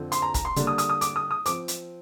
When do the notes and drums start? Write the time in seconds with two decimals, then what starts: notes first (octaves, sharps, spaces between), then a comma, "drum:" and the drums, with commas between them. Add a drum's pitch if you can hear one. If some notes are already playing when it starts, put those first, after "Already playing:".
Already playing: F2 D3 F3 C4
0.12 C6, drum: hi-hat
0.22 A#5
0.34 A#5, drum: kick, hi-hat
0.45 C6
0.56 D3 G3 A#3 D4, drum: hi-hat
0.67 D#6
0.78 D#6, drum: hi-hat
0.89 D#6
1.01 D6, drum: hi-hat
1.16 D#6
1.31 D#6
1.46 F3 C4 D6, drum: hi-hat
1.68 drum: hi-hat